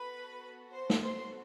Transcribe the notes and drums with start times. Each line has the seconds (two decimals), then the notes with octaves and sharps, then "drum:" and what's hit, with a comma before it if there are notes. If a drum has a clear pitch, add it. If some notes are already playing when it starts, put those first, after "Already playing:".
Already playing: B3 F#4 A4 B4 B5
0.72 C5 C6
0.90 drum: snare
1.01 C5 C6